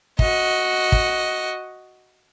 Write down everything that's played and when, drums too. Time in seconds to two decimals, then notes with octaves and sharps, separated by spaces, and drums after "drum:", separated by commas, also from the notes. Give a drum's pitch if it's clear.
0.19 F#4 D#5, drum: kick
0.92 drum: kick